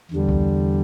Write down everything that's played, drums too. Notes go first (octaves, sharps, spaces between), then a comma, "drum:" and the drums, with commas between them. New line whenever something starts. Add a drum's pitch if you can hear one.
E2 D3 G3
drum: kick C2